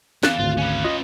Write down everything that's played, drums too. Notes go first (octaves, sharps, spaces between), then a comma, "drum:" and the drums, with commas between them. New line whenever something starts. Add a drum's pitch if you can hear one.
E2 F5 F#6 A6 E7, drum: snare
G#1 D2 F4
C#4 B4
F4 D#5